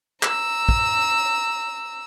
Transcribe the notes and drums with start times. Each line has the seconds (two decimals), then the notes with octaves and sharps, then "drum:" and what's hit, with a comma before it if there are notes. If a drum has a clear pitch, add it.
0.23 A#5 E6, drum: clap
0.69 drum: kick